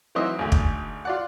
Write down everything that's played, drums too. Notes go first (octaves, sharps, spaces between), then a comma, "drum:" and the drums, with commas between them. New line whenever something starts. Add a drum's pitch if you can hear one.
E3 F#3 C4 D#4 D#5 E5
G#1 D2
drum: kick
F4 D5 F#5